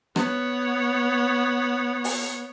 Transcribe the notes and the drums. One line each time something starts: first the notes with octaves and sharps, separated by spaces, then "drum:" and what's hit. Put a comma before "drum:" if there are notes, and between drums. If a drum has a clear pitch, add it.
B3 C#5, drum: rim click
drum: open hi-hat